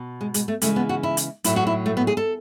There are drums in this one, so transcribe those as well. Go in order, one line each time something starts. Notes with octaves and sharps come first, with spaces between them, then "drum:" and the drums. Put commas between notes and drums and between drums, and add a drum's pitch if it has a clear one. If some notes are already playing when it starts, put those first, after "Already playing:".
Already playing: B2
G#3
G#3, drum: hi-hat
A3
C#3 E3 G#3 A3, drum: hi-hat
B3
F#4
E4
drum: hi-hat
A2 F#3 E4, drum: hi-hat
F#4
E4
A3
B3
G#4
A4